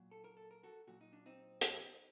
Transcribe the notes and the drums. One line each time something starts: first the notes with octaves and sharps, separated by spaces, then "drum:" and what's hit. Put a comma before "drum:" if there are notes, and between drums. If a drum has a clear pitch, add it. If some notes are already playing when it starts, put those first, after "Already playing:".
Already playing: A#2 F#3
A4
A#4
A4
A#4
F#4 A4
A#2 F#3 F#4
D#4
D4
C4 D#4
drum: hi-hat